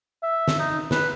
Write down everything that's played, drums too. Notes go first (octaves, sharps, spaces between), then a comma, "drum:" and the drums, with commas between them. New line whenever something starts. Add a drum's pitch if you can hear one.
E5
drum: snare
D#4
B4, drum: snare